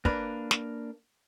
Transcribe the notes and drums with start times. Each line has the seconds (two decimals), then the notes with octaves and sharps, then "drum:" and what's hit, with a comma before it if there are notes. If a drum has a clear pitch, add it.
0.05 A#3 D4 B4, drum: kick
0.51 drum: snare